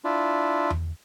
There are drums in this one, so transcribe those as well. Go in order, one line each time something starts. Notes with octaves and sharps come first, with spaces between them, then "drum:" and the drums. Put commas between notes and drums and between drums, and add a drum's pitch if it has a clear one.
D4 E4 F4
drum: tom E2